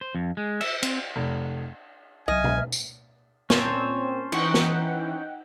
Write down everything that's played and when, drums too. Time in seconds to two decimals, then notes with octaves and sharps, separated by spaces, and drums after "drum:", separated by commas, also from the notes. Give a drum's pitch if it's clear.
0.01 C5
0.15 F2
0.37 G#3
0.61 E5, drum: cymbal
0.83 C4, drum: cymbal
1.16 F1
2.28 C2 F#3 D#5 E5 G#5 F6
2.44 drum: tom B2
2.72 drum: tambourine
3.50 A#2 C4 C#4 C5 C#5 A5, drum: snare
4.32 E3 D#4 F#5 G5 C#6, drum: cymbal
4.54 drum: snare